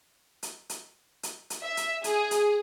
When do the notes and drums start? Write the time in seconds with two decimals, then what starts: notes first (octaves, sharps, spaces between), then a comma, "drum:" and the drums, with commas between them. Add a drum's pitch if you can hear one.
0.43 drum: hi-hat
0.69 drum: hi-hat
1.23 drum: hi-hat
1.50 drum: hi-hat
1.62 E5
1.77 drum: hi-hat
2.04 G#4, drum: hi-hat
2.31 drum: hi-hat